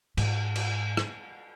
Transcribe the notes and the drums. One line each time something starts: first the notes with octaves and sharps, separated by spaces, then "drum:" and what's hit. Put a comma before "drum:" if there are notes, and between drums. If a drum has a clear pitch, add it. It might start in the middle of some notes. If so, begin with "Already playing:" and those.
G#2, drum: cymbal
drum: cymbal
drum: rim click